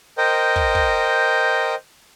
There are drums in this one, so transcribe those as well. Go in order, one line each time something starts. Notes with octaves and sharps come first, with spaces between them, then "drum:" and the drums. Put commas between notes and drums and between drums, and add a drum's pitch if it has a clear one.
A#4 C5 D#5 G5
drum: kick
drum: kick